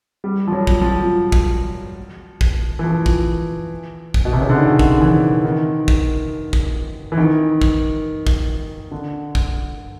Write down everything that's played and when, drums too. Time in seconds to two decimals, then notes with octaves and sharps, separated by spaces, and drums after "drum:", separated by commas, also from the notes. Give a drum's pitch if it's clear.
0.24 G3
0.48 F3
0.52 F#3
0.67 drum: kick
0.81 F3
1.32 drum: kick
2.41 drum: kick
2.79 E3
2.84 F3
3.06 drum: kick
4.14 drum: kick
4.25 B2
4.33 C3
4.42 C#3
4.50 D3
4.58 D#3
4.79 drum: kick
4.97 D#3
5.01 E3
5.45 D#3
5.88 drum: kick
6.53 drum: kick
7.12 E3
7.18 D#3
7.61 drum: kick
8.27 drum: kick
8.91 D3
9.35 drum: kick